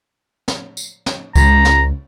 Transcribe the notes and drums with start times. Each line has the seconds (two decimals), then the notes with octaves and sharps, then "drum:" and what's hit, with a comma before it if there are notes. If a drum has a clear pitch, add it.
0.48 drum: snare
0.77 drum: tambourine
1.06 drum: snare
1.36 C#2 A#5, drum: kick C#2, tambourine
1.65 drum: snare